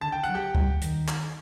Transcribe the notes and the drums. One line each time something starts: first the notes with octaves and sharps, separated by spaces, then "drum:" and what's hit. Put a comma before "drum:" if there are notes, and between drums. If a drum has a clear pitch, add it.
D3 A5
G5
F#3 F#5
G4 G5
G3, drum: kick
D#3, drum: hi-hat
drum: clap